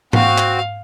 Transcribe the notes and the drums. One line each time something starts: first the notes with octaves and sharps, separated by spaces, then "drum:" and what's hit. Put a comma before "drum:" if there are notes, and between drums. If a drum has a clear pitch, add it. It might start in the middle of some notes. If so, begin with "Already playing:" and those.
C4 F#4 F5, drum: tom G#2
drum: clap